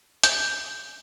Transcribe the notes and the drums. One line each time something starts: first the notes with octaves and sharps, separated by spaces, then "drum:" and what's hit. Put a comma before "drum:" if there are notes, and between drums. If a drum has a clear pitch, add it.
G6, drum: hi-hat